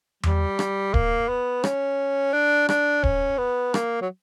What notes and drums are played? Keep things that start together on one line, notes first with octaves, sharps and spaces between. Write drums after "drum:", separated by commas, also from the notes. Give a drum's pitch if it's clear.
G3, drum: tom E2
drum: rim click
A#3, drum: kick D1
B3
C#4, drum: rim click
D4
D4, drum: rim click
C#4, drum: kick D1
B3
A#3, drum: rim click
F#3